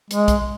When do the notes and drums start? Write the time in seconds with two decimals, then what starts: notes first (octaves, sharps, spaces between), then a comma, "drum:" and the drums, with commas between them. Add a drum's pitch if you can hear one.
0.11 G#3, drum: hi-hat
0.28 drum: kick, hi-hat